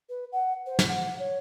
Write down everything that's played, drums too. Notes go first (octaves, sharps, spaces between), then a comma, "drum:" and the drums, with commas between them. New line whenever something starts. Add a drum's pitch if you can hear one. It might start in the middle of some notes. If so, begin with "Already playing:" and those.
B4
F#5
C5
drum: snare
F#5
C#5